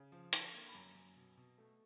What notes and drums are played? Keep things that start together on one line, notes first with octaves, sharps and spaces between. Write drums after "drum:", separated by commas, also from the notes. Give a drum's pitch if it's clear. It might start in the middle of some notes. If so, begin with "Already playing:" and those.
Already playing: C#3
F3
D3 A5, drum: hi-hat
A#3
B5
F#2 A#5
F#2
B2
B2
A3